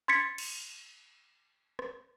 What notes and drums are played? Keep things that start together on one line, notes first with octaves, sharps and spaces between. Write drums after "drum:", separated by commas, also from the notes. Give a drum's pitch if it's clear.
C6 G#6 A6 B6 C#7
drum: cymbal
drum: rim click